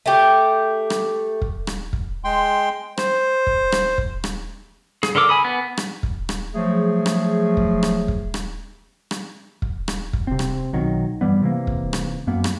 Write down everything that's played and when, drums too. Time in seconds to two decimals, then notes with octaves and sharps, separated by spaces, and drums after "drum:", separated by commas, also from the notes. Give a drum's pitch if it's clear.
0.06 A3 G4
0.90 drum: rim click
1.42 drum: kick
1.67 drum: rim click
1.93 drum: kick
2.24 G#3 G5 C6
2.97 C5, drum: rim click
3.47 drum: kick
3.72 drum: rim click
3.98 drum: kick
4.24 drum: rim click
5.03 G#4, drum: rim click
5.15 D3 A4 A#4 D6 E6
5.29 G#5 B5 D#6
5.44 B3
5.77 drum: rim click
6.03 drum: kick
6.29 drum: rim click
6.55 F3 F#3 A3 G#4
7.06 drum: rim click
7.57 drum: kick
7.83 drum: rim click
8.08 drum: kick
8.34 drum: rim click
9.11 drum: rim click
9.62 drum: kick
9.88 drum: rim click
10.13 drum: kick
10.27 C3 C4
10.39 drum: rim click
10.73 B1 D#3 F#3
11.21 G2 E3 G3 B3
11.42 C3 E3 A#3
11.67 drum: kick
11.93 drum: rim click
12.27 F#2 A#3 B3
12.44 drum: rim click